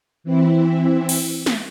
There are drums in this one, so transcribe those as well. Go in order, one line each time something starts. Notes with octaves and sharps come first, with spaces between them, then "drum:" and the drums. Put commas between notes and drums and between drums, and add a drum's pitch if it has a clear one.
E3 C4 E4
drum: cymbal
drum: snare